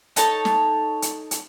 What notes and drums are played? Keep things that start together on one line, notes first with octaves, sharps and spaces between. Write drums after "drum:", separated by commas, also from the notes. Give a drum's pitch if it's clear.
D#4 A4 C#5 A5, drum: hi-hat
drum: snare
drum: hi-hat
drum: hi-hat